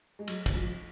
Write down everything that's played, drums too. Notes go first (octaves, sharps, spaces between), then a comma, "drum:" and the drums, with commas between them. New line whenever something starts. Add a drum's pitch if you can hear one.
G#3
F#3, drum: cymbal
drum: kick, cymbal
F3